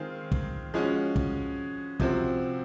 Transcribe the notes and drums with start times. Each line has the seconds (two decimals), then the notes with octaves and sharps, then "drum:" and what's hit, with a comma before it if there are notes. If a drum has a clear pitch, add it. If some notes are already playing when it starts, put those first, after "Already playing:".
Already playing: D#3 G#3 C4 F4 G#4
0.32 drum: kick
0.74 F3 G#3 C#4 F#4
1.16 drum: kick
2.00 C3 F3 C4 F#4, drum: kick